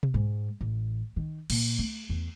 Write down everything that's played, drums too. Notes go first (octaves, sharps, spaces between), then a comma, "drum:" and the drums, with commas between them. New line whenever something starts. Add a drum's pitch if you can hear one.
drum: tom B2
G#2
A1
D#3
A#2, drum: cymbal
A3
E2